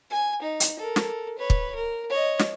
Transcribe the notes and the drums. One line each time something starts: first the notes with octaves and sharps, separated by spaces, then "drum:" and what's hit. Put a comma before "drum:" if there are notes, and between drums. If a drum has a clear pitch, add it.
G#5
D#4
drum: hi-hat
A4 A#4
drum: snare
B4 C#5
drum: kick
A#4
C#5 D#5
drum: snare